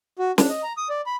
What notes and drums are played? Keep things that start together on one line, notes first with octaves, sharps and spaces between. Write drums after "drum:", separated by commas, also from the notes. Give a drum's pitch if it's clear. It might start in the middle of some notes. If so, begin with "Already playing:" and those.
F#4
D4, drum: snare
D#5
A#5
D#6
D5
B5